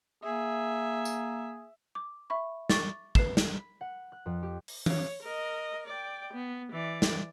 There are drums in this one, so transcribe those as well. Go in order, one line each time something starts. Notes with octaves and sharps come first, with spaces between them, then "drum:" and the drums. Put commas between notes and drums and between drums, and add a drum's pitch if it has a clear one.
A#3 G#4 E5
drum: tambourine
D6
E5 B5 C#6
C#6 D6 A6, drum: snare
B4 C7 E7, drum: kick
drum: snare
B5
F#5
F#6
F2
G4
drum: open hi-hat
C#5, drum: tom
A#4 D#5
D5 G5
B3
E3 D5
drum: snare